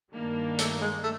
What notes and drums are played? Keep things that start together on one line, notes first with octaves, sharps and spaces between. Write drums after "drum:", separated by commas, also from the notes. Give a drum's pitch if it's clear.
G2 D#3 G3 A#3 D4
A3, drum: hi-hat
G#3
A3